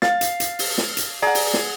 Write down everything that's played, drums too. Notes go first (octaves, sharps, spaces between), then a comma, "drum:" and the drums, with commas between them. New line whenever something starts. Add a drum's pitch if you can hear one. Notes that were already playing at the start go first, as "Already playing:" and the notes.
F5 A6, drum: snare
drum: hi-hat
drum: hi-hat
drum: open hi-hat
drum: snare
drum: hi-hat
G#4 D5 F#5 A#5
drum: open hi-hat
drum: snare